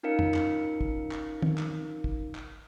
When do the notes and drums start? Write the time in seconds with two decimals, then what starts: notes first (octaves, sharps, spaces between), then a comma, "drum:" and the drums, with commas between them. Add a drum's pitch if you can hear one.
0.03 C#4 D#4 F4 A#4 F5 C#7
0.19 drum: tom F2
0.34 drum: clap
0.81 drum: kick
1.12 drum: clap
1.42 drum: tom
1.58 drum: clap
2.04 drum: kick
2.35 drum: clap